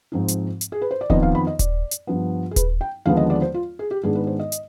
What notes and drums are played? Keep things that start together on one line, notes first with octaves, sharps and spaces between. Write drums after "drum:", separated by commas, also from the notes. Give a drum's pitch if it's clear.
G#2 F3 C4 D#4
drum: hi-hat
drum: hi-hat
G#4
B4
C5
D5
F2 D#3 B3 D#5, drum: kick D#1
F5
B5
D#5
D5, drum: kick D#1, hi-hat
drum: hi-hat
G2 F3 B3
G#4
B4, drum: kick D#1, hi-hat
G5
D#2 D3 F3 G#3 B3 F5
D#5
D5
C5
F4
G#4
G4
G#2 D#3 G#3 B3 D4 G#4
B4
C5
D#5
drum: hi-hat